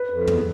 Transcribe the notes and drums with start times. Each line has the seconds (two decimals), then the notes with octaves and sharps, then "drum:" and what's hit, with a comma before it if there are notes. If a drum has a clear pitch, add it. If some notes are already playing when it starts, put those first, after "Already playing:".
Already playing: B4
0.10 F2
0.27 E2, drum: tom